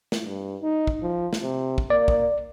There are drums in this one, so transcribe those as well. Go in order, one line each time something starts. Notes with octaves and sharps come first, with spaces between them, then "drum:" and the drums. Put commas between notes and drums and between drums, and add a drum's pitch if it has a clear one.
drum: snare
G2
D#4
drum: kick
F3
drum: snare
C3
drum: kick
A#3 D5
drum: kick